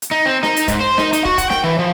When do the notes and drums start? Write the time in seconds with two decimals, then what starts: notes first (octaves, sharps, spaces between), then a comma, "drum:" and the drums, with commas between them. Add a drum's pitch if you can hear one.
0.02 drum: hi-hat
0.11 D#4
0.26 C4
0.43 D#4, drum: snare
0.57 drum: hi-hat
0.68 G#2, drum: kick, hi-hat
0.80 C5
0.98 D#4, drum: snare
1.13 D#4, drum: hi-hat
1.25 F#4, drum: kick
1.38 F#5, drum: kick, hi-hat
1.50 G5, drum: snare
1.64 E3
1.79 F3